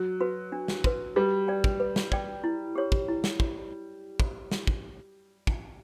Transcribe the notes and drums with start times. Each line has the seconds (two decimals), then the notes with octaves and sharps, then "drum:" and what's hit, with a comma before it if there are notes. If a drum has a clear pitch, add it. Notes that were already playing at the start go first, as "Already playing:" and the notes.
Already playing: F#3
0.21 F#4 B4
0.52 D4
0.68 drum: snare
0.84 F#4 B4, drum: kick
1.16 G3 B4
1.48 D5 G5
1.64 drum: kick
1.80 B4
1.96 drum: snare
2.12 D5 G5, drum: kick
2.44 E4
2.75 G4 C#5
2.92 drum: kick
3.08 E4
3.24 drum: snare
3.40 drum: kick
4.20 drum: kick
4.51 drum: snare
4.67 drum: kick
5.47 drum: kick